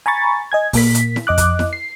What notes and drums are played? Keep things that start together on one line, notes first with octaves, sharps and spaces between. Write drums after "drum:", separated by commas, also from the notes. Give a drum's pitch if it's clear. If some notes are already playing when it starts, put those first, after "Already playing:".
G#5 A#5 B5 C#6 A6
D#5 G#5 G#6
A#2 A#3 B6, drum: kick, open hi-hat
drum: hi-hat
drum: snare E4
F2 D#5 D6 F#6
drum: kick, hi-hat
drum: snare E4
C7